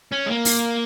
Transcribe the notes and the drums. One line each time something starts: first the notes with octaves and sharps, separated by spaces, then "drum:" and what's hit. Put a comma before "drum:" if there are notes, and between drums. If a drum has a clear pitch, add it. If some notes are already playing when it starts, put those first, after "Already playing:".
C#4
G#3
A#3
drum: open hi-hat